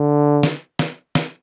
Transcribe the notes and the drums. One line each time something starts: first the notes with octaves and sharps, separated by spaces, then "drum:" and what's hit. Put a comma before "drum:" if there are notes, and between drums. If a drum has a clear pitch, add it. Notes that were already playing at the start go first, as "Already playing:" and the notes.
Already playing: D3
drum: snare
drum: snare
drum: snare